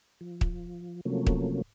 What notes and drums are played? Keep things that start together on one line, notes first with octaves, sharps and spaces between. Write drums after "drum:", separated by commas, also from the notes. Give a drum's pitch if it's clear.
F3
drum: kick
C3 F3 F#3 A3 A#3 C#4
drum: kick